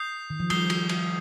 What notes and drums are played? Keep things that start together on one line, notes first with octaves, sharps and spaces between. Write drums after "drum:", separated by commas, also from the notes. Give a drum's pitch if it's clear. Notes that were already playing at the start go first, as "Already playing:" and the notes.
Already playing: D#6 G6 C7
D#3
F3
G3 D#6 C7 G7, drum: cymbal
drum: cymbal
drum: cymbal